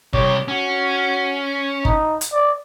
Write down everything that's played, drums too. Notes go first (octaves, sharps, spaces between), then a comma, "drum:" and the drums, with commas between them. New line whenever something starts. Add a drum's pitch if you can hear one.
C2 G4 C#5, drum: kick G1
C#4 F#4
D#4, drum: kick G1
drum: hi-hat
D5